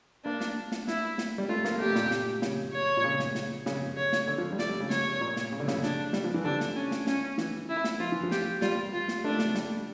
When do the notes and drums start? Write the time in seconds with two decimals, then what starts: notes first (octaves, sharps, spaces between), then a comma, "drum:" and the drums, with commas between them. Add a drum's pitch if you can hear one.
0.25 A#3 D4
0.41 drum: snare
0.72 drum: snare
0.88 E4, drum: snare
1.18 drum: snare
1.38 G3
1.49 A3 F4
1.65 A#3, drum: snare
1.80 A3 G4
1.95 A#2, drum: snare
2.11 drum: snare
2.42 C#3, drum: snare
2.73 C#5
2.97 A#2
3.04 C#3
3.20 drum: snare
3.35 drum: snare
3.66 C#3, drum: snare
3.97 C#5
4.13 drum: snare
4.27 D3
4.38 F3
4.52 G3
4.59 A3 D5, drum: snare
4.69 G3
4.80 C#3
4.90 C#5, drum: snare
5.21 A#2
5.36 drum: snare
5.52 C#3
5.60 D3
5.68 C#3, drum: snare
5.83 D4, drum: snare
6.13 G3, drum: snare
6.24 F3
6.34 E3
6.44 D3 D4
6.60 drum: snare
6.76 C#4
6.91 drum: snare
7.07 C#4, drum: snare
7.38 E3, drum: snare
7.69 E4
7.84 drum: snare
8.00 F3 F4
8.12 E3
8.23 F3
8.31 G4, drum: snare
8.61 G3 F4, drum: snare
8.93 F4
9.08 drum: snare
9.24 A3 D4
9.39 A3, drum: snare
9.55 G3, drum: snare